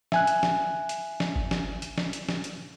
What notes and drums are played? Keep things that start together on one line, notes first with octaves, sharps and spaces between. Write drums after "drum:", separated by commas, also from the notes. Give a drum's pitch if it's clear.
E5 G#5 F#6, drum: snare
drum: hi-hat
drum: snare
drum: hi-hat
drum: snare
drum: kick G1
drum: snare
drum: hi-hat
drum: snare
drum: hi-hat
drum: snare
drum: hi-hat